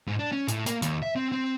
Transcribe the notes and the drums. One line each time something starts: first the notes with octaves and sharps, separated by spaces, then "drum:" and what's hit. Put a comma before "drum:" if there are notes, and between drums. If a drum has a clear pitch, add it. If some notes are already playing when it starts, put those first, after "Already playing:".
G#2
D4
C#4
A2, drum: hi-hat
A#3, drum: hi-hat
D#2, drum: hi-hat
E5
C4
C4